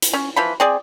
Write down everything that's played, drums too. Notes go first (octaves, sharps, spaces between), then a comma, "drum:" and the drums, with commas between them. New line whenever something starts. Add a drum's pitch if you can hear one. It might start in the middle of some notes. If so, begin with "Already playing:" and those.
drum: hi-hat
C#4
E3 F3 B5
C4 G#4 D5